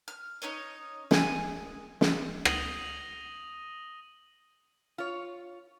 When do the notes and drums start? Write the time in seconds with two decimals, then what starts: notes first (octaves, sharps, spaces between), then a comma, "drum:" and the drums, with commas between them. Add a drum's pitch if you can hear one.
0.08 F6
0.42 C#4 D#4 C#5 D#5
1.11 G#4 G#5, drum: snare
2.01 drum: snare
2.45 D#6 A#6 D#7 F#7 G7, drum: rim click
4.98 F4 C#5